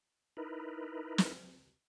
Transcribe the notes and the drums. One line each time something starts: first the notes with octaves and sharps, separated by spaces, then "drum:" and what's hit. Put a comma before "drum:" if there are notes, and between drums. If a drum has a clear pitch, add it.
D#4 E4 A#4 B4
drum: snare